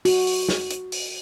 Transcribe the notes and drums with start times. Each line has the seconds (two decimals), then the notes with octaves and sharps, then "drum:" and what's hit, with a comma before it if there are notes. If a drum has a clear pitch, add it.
0.05 F#4, drum: open hi-hat
0.27 drum: open hi-hat
0.49 drum: snare
0.70 drum: hi-hat
0.92 drum: open hi-hat